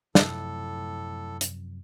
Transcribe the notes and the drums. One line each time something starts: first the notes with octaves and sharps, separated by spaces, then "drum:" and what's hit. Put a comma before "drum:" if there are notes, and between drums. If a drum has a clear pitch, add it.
F#2 A2 C3 F3 A4, drum: snare
drum: hi-hat